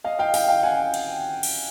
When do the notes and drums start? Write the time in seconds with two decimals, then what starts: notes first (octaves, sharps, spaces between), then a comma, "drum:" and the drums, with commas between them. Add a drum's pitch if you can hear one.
0.04 D#5 F5
0.19 F5 G5
0.34 F5 G5, drum: open hi-hat
0.48 F5 G5
0.63 F#5 G#5
0.94 drum: cymbal
1.43 drum: cymbal